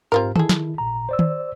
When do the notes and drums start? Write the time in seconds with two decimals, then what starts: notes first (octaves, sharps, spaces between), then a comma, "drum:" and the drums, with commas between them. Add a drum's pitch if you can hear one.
0.12 G#2 C4 F4 G4 A#4 F5
0.36 D#3 E4 G#4 A4, drum: tom D#3
0.49 drum: snare
0.78 A1 A#2 A#5
1.09 C5 D5 E6
1.19 drum: tom D#3